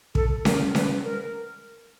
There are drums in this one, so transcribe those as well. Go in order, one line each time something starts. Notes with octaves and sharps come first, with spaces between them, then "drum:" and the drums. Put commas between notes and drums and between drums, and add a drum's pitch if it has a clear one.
A4, drum: kick
A#4, drum: snare C#4
B4, drum: snare C#4
A#4